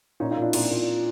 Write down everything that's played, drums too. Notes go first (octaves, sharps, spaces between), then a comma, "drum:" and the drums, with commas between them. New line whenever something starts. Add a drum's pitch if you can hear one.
A#2 C#4 D#4
D#4 F4
A#2 D4 E4
A#2 C4 D4, drum: cymbal
A#2